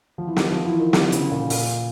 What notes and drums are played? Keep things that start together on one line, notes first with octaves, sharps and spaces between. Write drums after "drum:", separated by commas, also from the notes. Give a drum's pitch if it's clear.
F3
E3
D#3, drum: snare
F3
E3
D#3
D3, drum: snare
C#3, drum: hi-hat
A#2
A#2, drum: open hi-hat